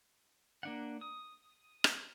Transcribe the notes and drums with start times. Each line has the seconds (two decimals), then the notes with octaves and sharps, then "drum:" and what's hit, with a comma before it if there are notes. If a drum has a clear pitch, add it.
0.63 A#3 D4 F#5
1.01 D#6
1.84 drum: rim click